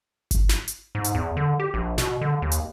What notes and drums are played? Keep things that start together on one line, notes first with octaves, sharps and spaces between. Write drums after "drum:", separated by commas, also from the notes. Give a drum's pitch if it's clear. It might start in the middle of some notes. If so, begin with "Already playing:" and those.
drum: kick G1, hi-hat
drum: snare
drum: hi-hat
G#2
drum: hi-hat
E2
D3
G4
A#1
B2, drum: snare
D3
D#2
drum: hi-hat